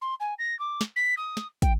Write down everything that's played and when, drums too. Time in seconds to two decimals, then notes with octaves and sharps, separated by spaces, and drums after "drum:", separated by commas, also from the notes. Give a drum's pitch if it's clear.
0.02 C6
0.20 G#5
0.39 A#6
0.59 D6
0.81 drum: snare
0.96 B6
1.17 D#6
1.37 drum: snare
1.62 G5, drum: kick, hi-hat